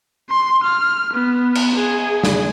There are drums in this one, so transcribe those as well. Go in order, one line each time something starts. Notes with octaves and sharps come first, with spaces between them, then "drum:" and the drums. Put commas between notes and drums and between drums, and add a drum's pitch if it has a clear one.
C6
F6
B3
drum: cymbal
G#4
drum: snare